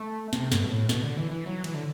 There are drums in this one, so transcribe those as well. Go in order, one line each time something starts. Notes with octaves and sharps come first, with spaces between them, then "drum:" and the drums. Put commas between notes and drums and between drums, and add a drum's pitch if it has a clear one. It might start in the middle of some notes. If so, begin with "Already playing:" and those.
Already playing: A3
C3, drum: snare
G2, drum: snare
B2
A2
B2, drum: snare
D3
E3
E3
F#3
E3, drum: cymbal
D3